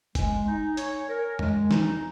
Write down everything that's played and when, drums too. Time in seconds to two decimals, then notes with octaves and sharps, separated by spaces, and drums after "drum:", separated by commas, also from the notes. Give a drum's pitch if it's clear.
0.15 G#3 G#5, drum: kick, hi-hat
0.46 D#4
0.77 C#5, drum: hi-hat
1.08 A#4
1.39 G#3, drum: tom E2
1.71 D#4, drum: snare